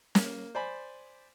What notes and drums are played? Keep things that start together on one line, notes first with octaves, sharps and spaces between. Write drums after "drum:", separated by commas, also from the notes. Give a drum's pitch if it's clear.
A#3, drum: snare
C5 D5 G#5 B5